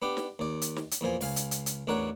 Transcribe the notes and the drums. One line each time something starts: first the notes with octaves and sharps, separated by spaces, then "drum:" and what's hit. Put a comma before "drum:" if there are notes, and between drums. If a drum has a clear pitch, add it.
B3 D4 G4
drum: snare
D#2 D5
drum: hi-hat
drum: snare
drum: hi-hat
E2 A#2 F3 G#5
C#2 F5 G#5, drum: open hi-hat
drum: hi-hat
drum: hi-hat
drum: hi-hat
A1 E2 D4 A#4 C#5 F#5